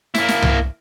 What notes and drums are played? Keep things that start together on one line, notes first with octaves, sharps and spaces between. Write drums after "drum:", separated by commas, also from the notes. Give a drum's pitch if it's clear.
A#3 E4, drum: snare
drum: snare
drum: tom C2